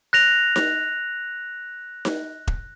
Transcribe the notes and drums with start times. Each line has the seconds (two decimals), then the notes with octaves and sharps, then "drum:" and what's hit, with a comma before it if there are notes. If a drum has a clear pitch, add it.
0.13 F#6 A#6 F7
0.56 drum: snare D#4
2.05 drum: snare D#4
2.47 drum: kick E1